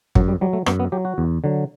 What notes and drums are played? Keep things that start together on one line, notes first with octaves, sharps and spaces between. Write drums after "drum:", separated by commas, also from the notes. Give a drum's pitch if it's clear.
F#2 F#3, drum: kick
G3
F#3 G3
A3
F#2 B3, drum: rim click
B3
F#3 G4
F#4
E2
D3 F#3